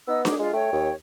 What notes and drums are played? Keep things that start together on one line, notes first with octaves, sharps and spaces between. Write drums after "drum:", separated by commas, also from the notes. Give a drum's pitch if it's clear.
B3 D#4 D#5 E6
D#4 G#4 D6, drum: snare D4
G#3 F4
A3 C#5 G5
D#2